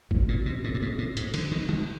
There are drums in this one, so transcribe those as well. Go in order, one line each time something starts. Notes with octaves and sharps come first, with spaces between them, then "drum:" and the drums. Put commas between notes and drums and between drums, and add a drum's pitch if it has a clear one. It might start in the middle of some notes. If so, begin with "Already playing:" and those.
A2, drum: kick G1
A#2
B2
A2
G2
G#2
A2
G#2, drum: hi-hat
D3, drum: cymbal
D#3
D#3, drum: tom